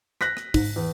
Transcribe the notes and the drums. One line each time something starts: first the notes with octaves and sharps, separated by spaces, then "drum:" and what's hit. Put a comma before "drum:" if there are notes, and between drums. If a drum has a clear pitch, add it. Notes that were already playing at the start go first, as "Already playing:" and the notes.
F#6 A#6 B6, drum: rim click
drum: rim click
G#2, drum: kick, open hi-hat
E2